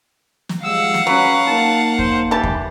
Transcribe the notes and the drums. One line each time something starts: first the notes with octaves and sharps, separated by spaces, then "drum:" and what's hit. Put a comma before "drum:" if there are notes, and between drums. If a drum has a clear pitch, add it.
drum: snare
F3 G3 G#3 F5 F#5 E6
drum: snare
F#3 C#4 B4
A#3 D#4 A5
C5, drum: kick E2
E3 G4 A5
drum: kick E2